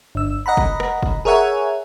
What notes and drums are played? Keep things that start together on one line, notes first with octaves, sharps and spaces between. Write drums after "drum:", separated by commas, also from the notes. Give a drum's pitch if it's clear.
G1 E6
D#5 F#5 A#5 B5
drum: kick
drum: rim click
drum: kick
G#4 A#4 C#5 E5 F#5 G#5